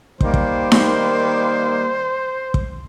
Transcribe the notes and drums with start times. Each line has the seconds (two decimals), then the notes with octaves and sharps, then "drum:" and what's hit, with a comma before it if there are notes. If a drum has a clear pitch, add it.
0.21 D#3 G3 A#3 C5, drum: kick
0.34 drum: kick
0.72 drum: snare D#4
2.54 drum: kick